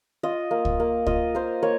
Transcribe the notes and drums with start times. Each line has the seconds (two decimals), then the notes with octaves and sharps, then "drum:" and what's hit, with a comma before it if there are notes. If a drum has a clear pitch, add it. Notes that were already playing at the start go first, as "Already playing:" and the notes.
0.23 F4 D#5
0.51 A#3
0.65 drum: kick C#2
0.80 A#3
1.06 F4 D#5, drum: kick C#2
1.35 A#3 C5
1.63 A#3 C#5